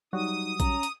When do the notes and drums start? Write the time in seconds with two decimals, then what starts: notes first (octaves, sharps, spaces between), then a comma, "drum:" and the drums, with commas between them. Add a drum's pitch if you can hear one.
0.13 F#3 G3 D#4 F#4 D#6
0.60 C#4 A#5, drum: kick A#1, hi-hat
0.83 drum: hi-hat